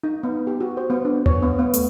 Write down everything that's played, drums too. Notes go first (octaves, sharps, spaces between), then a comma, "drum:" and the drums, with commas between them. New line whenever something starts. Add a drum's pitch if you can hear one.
D#4
B3
G4
F#4
C5
B3
D4
C#5, drum: tom D#2
B3
B3
A3, drum: hi-hat